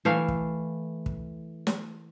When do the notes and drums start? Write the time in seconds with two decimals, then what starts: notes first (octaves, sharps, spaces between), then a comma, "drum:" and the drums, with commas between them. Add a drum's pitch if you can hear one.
0.05 E3 A3 F5
0.28 drum: kick
1.06 drum: kick
1.67 drum: snare